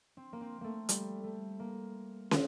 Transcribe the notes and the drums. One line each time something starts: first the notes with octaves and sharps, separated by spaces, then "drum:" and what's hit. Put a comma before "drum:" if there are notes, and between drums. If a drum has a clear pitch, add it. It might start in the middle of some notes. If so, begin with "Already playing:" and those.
C4
A#3
C4
A3 A#3
G3, drum: hi-hat
A3
A#3
C4, drum: snare